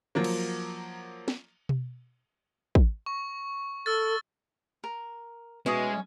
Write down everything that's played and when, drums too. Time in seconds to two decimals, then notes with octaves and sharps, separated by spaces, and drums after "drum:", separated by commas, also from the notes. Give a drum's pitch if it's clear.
0.15 F3 F#3 A#3
0.24 drum: cymbal
1.28 drum: snare
1.69 drum: tom B2
2.75 drum: kick
3.06 C#6
3.86 A4 E6 F6 A6
4.84 A#4
5.66 B2 G#3 C#4 E4 C#5 D#6